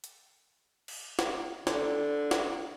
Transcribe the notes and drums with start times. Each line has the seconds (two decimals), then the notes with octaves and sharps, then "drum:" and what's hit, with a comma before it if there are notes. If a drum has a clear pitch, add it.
0.04 drum: hi-hat
0.88 drum: cymbal
1.19 drum: snare
1.67 D3, drum: snare
2.31 drum: snare